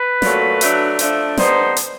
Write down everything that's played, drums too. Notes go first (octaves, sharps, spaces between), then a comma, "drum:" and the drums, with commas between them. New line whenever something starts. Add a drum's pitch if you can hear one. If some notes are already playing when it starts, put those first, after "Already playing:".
Already playing: B4
A#2 F#3 A3, drum: snare
F#3 A3 D4, drum: hi-hat
F3 A3 D4, drum: hi-hat
D3 G3 B3 D#4 C5, drum: snare
drum: hi-hat